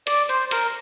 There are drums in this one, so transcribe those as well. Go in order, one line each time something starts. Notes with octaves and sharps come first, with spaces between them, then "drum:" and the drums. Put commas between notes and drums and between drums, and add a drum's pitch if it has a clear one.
D5, drum: hi-hat
C5, drum: hi-hat
A#4, drum: hi-hat